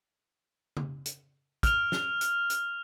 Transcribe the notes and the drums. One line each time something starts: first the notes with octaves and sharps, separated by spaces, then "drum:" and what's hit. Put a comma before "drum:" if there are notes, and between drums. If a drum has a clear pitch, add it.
drum: tom C#3
drum: hi-hat
F6 F7, drum: kick, hi-hat
drum: snare
drum: hi-hat
drum: hi-hat